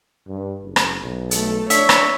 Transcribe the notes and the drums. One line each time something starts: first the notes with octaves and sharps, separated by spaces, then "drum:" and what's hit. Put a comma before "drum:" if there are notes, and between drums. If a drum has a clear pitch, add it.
G2
F#1
drum: rim click
B1
A3 A4, drum: hi-hat
D4 C#5 E5, drum: hi-hat
drum: rim click